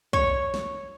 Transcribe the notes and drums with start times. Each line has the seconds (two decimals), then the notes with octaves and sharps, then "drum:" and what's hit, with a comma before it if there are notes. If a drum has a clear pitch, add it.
0.13 C#5, drum: kick
0.54 drum: snare